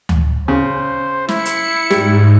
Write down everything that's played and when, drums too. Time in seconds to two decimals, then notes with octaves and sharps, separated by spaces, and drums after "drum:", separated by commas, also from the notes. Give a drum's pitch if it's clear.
0.09 drum: tom D2
0.48 C#3 C5
1.29 E4 C#7, drum: snare
1.45 drum: hi-hat
1.90 G#2 G3, drum: snare